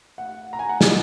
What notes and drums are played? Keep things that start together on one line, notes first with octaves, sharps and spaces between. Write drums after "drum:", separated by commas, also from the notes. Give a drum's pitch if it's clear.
F#5
A#5
G#5
F#5
D#5, drum: snare